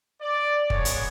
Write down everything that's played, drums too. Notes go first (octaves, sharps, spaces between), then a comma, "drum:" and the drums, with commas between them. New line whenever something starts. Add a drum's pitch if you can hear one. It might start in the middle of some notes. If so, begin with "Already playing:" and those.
D5
G#3 B3 D4 C#5, drum: kick
drum: hi-hat